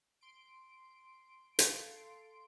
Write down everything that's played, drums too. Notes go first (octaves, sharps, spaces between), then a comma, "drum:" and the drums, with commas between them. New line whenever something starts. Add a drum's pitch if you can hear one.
C6 D7
A4 F5, drum: hi-hat